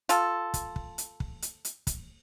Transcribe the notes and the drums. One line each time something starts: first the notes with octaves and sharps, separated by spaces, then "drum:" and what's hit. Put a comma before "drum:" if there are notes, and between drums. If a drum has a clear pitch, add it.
F4 A4, drum: hi-hat
drum: kick, hi-hat
drum: kick
drum: hi-hat
drum: kick
drum: hi-hat
drum: hi-hat
drum: kick, hi-hat